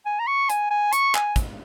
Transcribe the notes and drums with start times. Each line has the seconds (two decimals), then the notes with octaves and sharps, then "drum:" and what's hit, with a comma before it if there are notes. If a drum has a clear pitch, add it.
0.06 G#5
0.20 A#5
0.27 C#6
0.50 G#5, drum: hi-hat
0.70 G#5
0.93 C#6, drum: hi-hat
1.15 G#5, drum: clap
1.36 drum: kick, hi-hat